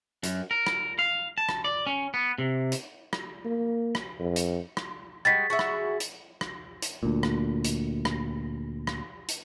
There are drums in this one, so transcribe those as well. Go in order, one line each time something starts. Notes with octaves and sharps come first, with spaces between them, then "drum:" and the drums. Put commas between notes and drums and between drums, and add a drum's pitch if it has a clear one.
F#2, drum: hi-hat
A#4
drum: rim click
F5
A5
drum: rim click
D5
C#4
B3
C3
drum: hi-hat
drum: rim click
A#3
drum: rim click
F2
drum: hi-hat
drum: rim click
G3 G#3 F#4 A6 B6
F#4 G#4 E5
drum: rim click
drum: hi-hat
drum: rim click
drum: hi-hat
D2 A#2
drum: rim click
drum: hi-hat
drum: rim click
drum: rim click
drum: hi-hat